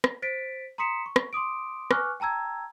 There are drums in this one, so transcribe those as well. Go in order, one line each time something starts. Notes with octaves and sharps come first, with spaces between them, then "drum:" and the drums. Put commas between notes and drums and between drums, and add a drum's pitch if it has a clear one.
drum: rim click
C5 A6 B6 D7
A#5 C6 D#6 B6 C#7 E7
C#6
drum: rim click
C6 D6 D#6 D7
B4 G#5 C#6 D6 F6 F#6, drum: rim click
G5 A5 A#5 E6 G#6